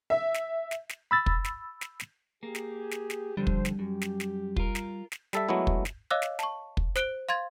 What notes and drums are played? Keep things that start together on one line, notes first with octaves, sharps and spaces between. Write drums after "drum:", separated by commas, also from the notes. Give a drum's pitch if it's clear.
E5
drum: snare
drum: snare
drum: snare
B5 E6 A6
drum: kick
drum: snare
drum: snare
drum: snare
A#3 G4 G#4
drum: snare
drum: snare
drum: snare
F2 D3 G3 C5
drum: kick
drum: snare
F#2 G4
drum: snare
drum: snare
F4 A#4, drum: kick
drum: snare
drum: snare
G3 A4 E5, drum: snare
F#3 G#3 A3 B3 E4
drum: kick
drum: snare
C#5 D#5 F5 D6 E6 F#6
drum: snare
A5 C#6, drum: snare
drum: kick
C5 F#6 D7 G7, drum: snare
F5 C6 G#6 A6